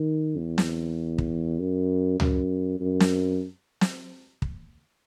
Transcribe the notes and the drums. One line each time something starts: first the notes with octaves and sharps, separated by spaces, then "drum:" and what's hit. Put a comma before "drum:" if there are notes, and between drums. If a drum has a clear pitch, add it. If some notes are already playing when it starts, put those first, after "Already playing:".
Already playing: D#3
E2
drum: snare
drum: kick
F#2
F#2, drum: tom C#2
F#2
drum: snare
drum: snare
drum: kick